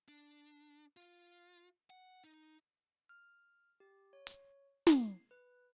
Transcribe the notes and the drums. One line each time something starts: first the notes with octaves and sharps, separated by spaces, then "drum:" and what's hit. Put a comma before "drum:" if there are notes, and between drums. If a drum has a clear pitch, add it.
D4
F4
F#5
D#4
F6
G4
C#5
drum: hi-hat
C7, drum: snare
B4